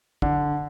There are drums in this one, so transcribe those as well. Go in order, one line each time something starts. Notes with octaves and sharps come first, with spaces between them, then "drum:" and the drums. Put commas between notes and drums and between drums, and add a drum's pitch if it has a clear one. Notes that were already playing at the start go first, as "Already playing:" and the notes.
D3, drum: kick